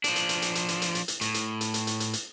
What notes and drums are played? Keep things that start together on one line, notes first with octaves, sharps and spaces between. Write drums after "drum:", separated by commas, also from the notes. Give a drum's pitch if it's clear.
F3 D4, drum: hi-hat
drum: hi-hat
drum: hi-hat
drum: hi-hat
drum: hi-hat
drum: hi-hat
drum: hi-hat
drum: hi-hat
drum: hi-hat
A2, drum: hi-hat
drum: hi-hat
drum: hi-hat
drum: hi-hat
drum: hi-hat
drum: hi-hat
drum: hi-hat